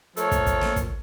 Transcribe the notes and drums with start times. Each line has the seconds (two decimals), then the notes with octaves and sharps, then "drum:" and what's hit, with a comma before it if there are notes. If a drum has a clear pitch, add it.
0.17 F3 A3 A4 A#4 C#5, drum: hi-hat
0.31 drum: kick, hi-hat
0.46 drum: kick, hi-hat
0.61 drum: snare
0.76 drum: kick, hi-hat